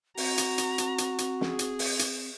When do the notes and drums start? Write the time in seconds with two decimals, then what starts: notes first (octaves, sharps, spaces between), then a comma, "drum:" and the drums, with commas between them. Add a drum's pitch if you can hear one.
0.17 C4 F#4 A#5, drum: open hi-hat
0.38 drum: hi-hat
0.58 drum: hi-hat
0.78 drum: hi-hat
0.98 drum: hi-hat
1.18 drum: hi-hat
1.41 G#4, drum: snare
1.59 drum: hi-hat
1.79 drum: open hi-hat
1.99 drum: hi-hat